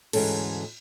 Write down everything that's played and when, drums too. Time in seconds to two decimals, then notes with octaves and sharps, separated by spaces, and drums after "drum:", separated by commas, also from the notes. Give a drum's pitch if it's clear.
0.13 D2 G#2 E3 G#3 C#4 A4, drum: cymbal